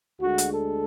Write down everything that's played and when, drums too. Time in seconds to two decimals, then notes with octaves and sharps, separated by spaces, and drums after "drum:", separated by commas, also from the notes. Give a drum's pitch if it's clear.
0.21 D2 D3 G#3 F#4
0.38 drum: hi-hat
0.52 A4